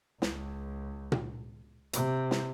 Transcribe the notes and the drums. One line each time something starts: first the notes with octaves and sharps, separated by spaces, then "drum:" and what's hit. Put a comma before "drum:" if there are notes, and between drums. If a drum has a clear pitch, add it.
C#2, drum: snare
drum: tom A#2
C3, drum: hi-hat
drum: snare